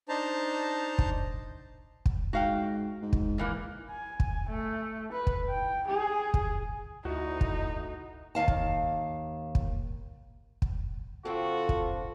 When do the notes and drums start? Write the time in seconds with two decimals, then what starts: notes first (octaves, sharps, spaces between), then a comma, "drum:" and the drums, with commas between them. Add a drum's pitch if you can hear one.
0.09 D4 D#4 C5 A5 A#5
0.99 drum: kick
2.06 drum: kick
2.33 G#2 F#4 F5 G5
3.02 G#2
3.13 drum: kick
3.38 A#2 E3 A#3
3.90 G#5
4.20 drum: kick
4.49 A3
5.12 B4
5.27 drum: kick
5.50 G5
5.87 G#4
6.34 drum: kick
7.05 D2 D#4 E4 F#4
7.41 drum: kick
8.35 D#2 F5 A5
8.48 drum: kick
9.55 drum: kick
10.62 drum: kick
11.25 D3 C4 F4 F#4 A4
11.69 drum: kick